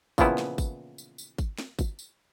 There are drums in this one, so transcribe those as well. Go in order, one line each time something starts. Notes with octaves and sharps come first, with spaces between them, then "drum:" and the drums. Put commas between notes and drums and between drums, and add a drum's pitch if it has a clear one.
A#2 C#3 E3 F3 B3 E4, drum: kick, tambourine
drum: snare
drum: kick, tambourine
drum: tambourine
drum: tambourine
drum: kick, tambourine
drum: snare
drum: kick, tambourine
drum: tambourine